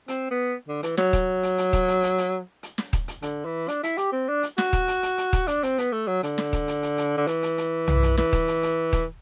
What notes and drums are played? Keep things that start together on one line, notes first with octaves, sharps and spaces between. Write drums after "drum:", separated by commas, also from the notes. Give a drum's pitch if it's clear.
C4, drum: hi-hat
B3
D3
E3, drum: hi-hat
F#3, drum: snare
drum: kick D#1, hi-hat
drum: hi-hat
drum: hi-hat
drum: kick D#1, hi-hat
drum: hi-hat
drum: hi-hat
drum: hi-hat
drum: hi-hat
drum: snare
drum: kick D#1, hi-hat
drum: hi-hat
D3, drum: hi-hat
E3
D4, drum: hi-hat
E4, drum: hi-hat
G4, drum: hi-hat
C4
D4
drum: hi-hat
F#4, drum: snare
drum: kick D#1, hi-hat
drum: hi-hat
drum: hi-hat
drum: hi-hat
drum: kick D#1, hi-hat
D4, drum: hi-hat
C4, drum: hi-hat
B3, drum: hi-hat
A3
F#3
D3, drum: hi-hat
drum: snare
drum: kick D#1, hi-hat
drum: hi-hat
drum: hi-hat
drum: hi-hat
D3
E3, drum: hi-hat
drum: hi-hat
drum: hi-hat
drum: tom
drum: hi-hat
E3, drum: snare
drum: kick D#1, hi-hat
drum: hi-hat
drum: hi-hat
drum: kick D#1, hi-hat